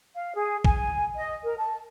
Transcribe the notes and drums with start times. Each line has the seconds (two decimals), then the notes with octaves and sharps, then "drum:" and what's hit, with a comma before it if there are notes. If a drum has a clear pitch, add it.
0.14 F5
0.35 G#4
0.65 G#5, drum: kick
1.17 D#5
1.44 A#4
1.57 A5